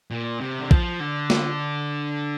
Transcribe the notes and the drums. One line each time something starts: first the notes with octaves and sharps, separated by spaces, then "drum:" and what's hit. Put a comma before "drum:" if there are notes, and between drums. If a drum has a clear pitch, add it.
A#2
C3
D3
F3, drum: kick A#1
D3
drum: snare